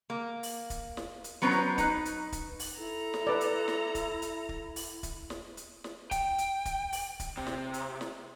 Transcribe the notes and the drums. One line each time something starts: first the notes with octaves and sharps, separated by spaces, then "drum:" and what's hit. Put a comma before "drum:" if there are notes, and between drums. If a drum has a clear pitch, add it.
A#3
drum: open hi-hat
drum: kick, hi-hat
drum: snare
drum: hi-hat
F#3 B3 C#4 B4 C5 A#5
drum: snare
D#4 B4, drum: kick, hi-hat
drum: hi-hat
drum: kick, hi-hat
drum: open hi-hat
E4 A4 A#5
drum: snare
B4 D5
drum: hi-hat
drum: snare
drum: kick, hi-hat
drum: hi-hat
drum: kick
drum: open hi-hat
drum: kick, hi-hat
drum: snare
drum: hi-hat
drum: snare
G5, drum: kick, hi-hat
drum: hi-hat
drum: kick, hi-hat
drum: open hi-hat
drum: kick, hi-hat
C3
drum: snare
drum: hi-hat
drum: snare